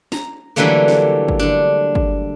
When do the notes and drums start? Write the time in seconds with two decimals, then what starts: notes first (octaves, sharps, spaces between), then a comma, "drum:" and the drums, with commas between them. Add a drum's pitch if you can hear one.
0.12 A#5, drum: snare
0.56 D3 E3 F#3 G3 A3 A#3
0.88 drum: snare
1.28 drum: kick
1.39 D3 D4
1.95 drum: kick